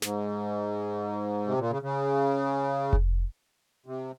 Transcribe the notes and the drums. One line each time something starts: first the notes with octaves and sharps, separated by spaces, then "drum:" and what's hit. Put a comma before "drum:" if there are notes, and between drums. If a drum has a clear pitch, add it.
G#2, drum: snare
C3
A#2
C#3
C#3
drum: kick F1
C3